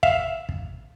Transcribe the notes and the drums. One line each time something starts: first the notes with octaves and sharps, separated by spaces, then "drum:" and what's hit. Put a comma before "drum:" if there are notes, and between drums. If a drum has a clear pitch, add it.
E5 F5, drum: kick
drum: kick